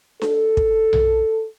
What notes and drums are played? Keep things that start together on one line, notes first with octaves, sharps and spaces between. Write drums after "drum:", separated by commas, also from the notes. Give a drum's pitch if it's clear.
A4, drum: snare D4
drum: kick
drum: tom B1